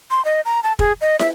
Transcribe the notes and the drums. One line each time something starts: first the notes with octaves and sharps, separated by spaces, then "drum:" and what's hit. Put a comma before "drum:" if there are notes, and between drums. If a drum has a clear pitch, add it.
C6
D#5
A#5
A5
G#4, drum: kick
D#5
E5, drum: snare